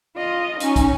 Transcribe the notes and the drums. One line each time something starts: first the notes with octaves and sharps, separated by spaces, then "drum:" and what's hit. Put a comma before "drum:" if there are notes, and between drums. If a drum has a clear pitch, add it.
F4 D#5
C#4 D#4, drum: hi-hat
drum: kick, hi-hat